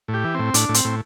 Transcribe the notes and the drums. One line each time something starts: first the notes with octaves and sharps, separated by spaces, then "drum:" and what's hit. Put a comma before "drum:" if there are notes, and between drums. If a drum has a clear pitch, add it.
A2
G4
E3
A2 C4
A2 D4, drum: hi-hat
A2
C4, drum: hi-hat
A2